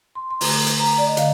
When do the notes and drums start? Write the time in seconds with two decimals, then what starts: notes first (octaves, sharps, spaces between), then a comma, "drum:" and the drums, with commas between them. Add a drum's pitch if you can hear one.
0.15 C6
0.31 C6
0.41 D3 A3 A#5, drum: open hi-hat
0.66 drum: hi-hat
0.80 A#5
0.98 D5
1.08 D#5
1.17 D3 F5, drum: hi-hat